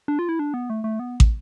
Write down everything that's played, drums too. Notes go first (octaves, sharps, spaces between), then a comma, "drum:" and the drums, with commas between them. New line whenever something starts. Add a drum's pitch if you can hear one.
D4
F4
E4
D4
B3
A3
A3
B3
drum: kick